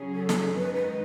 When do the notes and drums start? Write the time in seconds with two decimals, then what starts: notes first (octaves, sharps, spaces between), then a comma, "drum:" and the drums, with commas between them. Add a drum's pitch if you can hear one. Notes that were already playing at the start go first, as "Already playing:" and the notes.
Already playing: C#3 F#3 C#4 G#4
0.15 A4
0.29 drum: snare
0.55 F#2 D#3 G#3 D#4 B4
0.75 B4